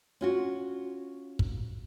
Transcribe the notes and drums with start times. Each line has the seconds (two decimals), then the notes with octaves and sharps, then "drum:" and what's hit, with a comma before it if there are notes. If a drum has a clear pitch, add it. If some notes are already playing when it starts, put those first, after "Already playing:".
0.21 C#4 F4 F#4
1.39 drum: kick